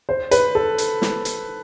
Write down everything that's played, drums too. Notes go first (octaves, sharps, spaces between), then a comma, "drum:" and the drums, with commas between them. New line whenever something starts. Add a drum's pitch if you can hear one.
C5
B4, drum: hi-hat
A4
drum: hi-hat
drum: snare
drum: hi-hat